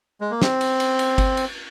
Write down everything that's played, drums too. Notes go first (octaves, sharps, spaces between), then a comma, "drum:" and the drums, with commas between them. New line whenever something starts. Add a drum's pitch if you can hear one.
G#3
A#3
C4, drum: snare
drum: cymbal
drum: cymbal
drum: cymbal
drum: kick G1, cymbal
drum: cymbal